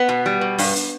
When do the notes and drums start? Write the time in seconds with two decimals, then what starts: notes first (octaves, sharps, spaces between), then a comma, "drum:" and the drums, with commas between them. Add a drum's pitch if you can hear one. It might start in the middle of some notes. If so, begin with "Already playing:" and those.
Already playing: B3
0.09 B2
0.26 G3
0.41 B2
0.58 G2, drum: open hi-hat
0.75 drum: hi-hat